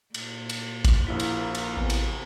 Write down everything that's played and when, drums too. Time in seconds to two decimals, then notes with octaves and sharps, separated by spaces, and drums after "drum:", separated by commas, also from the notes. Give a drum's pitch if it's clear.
0.14 A#2, drum: cymbal
0.49 drum: cymbal
0.85 drum: kick, cymbal
1.07 A#1 A#3 E4 B6
1.20 drum: cymbal
1.55 drum: cymbal
1.77 A1 E2 C3 B3
1.90 drum: cymbal